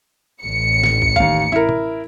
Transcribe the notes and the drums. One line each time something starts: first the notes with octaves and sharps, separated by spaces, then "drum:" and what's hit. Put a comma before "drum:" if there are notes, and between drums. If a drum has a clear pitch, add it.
A1 C#7
drum: snare
drum: kick
D#2 F5, drum: kick
E4 A#4
drum: tom